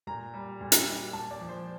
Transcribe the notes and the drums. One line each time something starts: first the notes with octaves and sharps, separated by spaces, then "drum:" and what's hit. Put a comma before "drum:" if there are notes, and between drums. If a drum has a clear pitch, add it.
A#2 A#5
G3
A#2
drum: hi-hat
G3
A#2 A5
D5
F3
C5